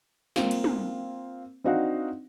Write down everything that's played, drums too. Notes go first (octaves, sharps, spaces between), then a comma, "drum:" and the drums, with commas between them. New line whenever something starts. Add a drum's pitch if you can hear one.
A#3 C4 F4, drum: snare
drum: cymbal
drum: tom
C4 D4 D#4 F#4 F5 F#5